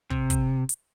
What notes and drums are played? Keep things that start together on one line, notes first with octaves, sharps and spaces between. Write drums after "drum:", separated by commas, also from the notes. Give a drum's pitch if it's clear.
C3, drum: kick
drum: kick, hi-hat
drum: hi-hat